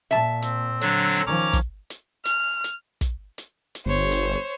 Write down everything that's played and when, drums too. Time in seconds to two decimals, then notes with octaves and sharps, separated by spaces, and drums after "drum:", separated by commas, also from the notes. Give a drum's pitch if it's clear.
0.11 A#2 E5 A5
0.42 C4, drum: hi-hat
0.81 D3 F#3 D4, drum: hi-hat
1.16 drum: hi-hat
1.26 D#3 F3 C#4 A#5 D6
1.53 drum: kick, hi-hat
1.90 drum: hi-hat
2.25 F6, drum: hi-hat
2.64 drum: hi-hat
3.01 drum: kick, hi-hat
3.38 drum: hi-hat
3.75 drum: hi-hat
3.86 G1 C5 C#5
4.12 drum: hi-hat